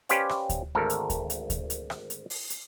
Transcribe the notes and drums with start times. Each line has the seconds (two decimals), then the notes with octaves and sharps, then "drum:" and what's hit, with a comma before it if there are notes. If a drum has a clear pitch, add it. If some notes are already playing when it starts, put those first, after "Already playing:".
0.09 C#4 G4 B4 C5 D5 F5, drum: hi-hat
0.29 drum: rim click
0.49 drum: kick D2, hi-hat
0.75 G#1 D2 A4 A#4
0.90 drum: hi-hat
1.10 drum: kick D2, hi-hat
1.30 drum: hi-hat
1.50 drum: kick D2, hi-hat
1.70 drum: hi-hat
1.90 drum: rim click
2.10 drum: hi-hat
2.30 drum: open hi-hat
2.50 drum: hi-hat